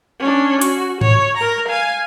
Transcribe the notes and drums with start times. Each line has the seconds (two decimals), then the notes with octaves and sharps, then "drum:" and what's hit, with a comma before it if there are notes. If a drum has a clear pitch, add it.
0.20 C#4 D4
0.61 F#4, drum: hi-hat
1.01 C#5, drum: tom G#2
1.37 A#4 A#5
1.69 F5 G#5